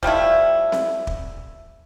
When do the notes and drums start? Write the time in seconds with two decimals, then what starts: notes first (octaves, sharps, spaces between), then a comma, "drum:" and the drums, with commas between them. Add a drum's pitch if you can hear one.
0.03 F3 G3 A3 E4, drum: kick
0.72 drum: snare C4
1.07 drum: kick